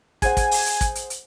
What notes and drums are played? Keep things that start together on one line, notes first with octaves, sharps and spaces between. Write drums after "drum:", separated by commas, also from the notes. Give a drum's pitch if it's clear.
G#4 C5 F#5 G#5, drum: kick, hi-hat
drum: kick, hi-hat
drum: open hi-hat
drum: hi-hat
drum: kick, hi-hat
drum: hi-hat
drum: hi-hat